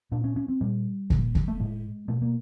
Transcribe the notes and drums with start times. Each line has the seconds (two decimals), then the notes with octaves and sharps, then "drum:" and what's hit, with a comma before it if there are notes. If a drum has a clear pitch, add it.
0.12 A#2 D4
0.24 C#4
0.36 C#4
0.48 C4
0.61 A#2 G3
1.10 A#2, drum: kick
1.35 drum: kick
1.48 A3
1.60 A2 G#3
2.08 B2 A3
2.22 A#3